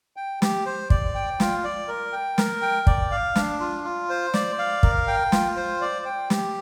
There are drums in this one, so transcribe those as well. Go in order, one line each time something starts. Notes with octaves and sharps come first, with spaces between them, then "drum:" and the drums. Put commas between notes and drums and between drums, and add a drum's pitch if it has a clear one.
G5
G4, drum: snare
C5
D5, drum: kick
G5
F4, drum: snare
D5
A#4
G5
A#4, drum: snare
G5
D5, drum: kick
F5
D4, drum: snare
F4
F4
C5
D5, drum: snare
F5
A#4, drum: kick
G5
F4, drum: snare
C5
D5
G5
G4, drum: snare